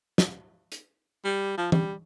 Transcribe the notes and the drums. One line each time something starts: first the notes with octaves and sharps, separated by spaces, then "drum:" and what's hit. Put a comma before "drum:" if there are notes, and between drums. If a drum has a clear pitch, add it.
drum: snare
drum: hi-hat
G3
F3
G3, drum: tom E3